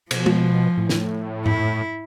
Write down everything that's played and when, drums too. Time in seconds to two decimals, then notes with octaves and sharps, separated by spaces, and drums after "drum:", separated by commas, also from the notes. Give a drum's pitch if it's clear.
0.11 B2 F3, drum: cymbal
0.26 drum: tom G#3
0.77 A2
0.89 drum: snare
1.46 E4, drum: tom G#2